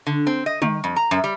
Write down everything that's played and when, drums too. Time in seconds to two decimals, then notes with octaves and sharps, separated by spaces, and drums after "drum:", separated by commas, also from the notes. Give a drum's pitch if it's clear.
0.07 D3
0.27 C4
0.46 D#5
0.62 D#3, drum: tom
0.84 F2
0.96 A#5
1.11 F#2
1.24 G3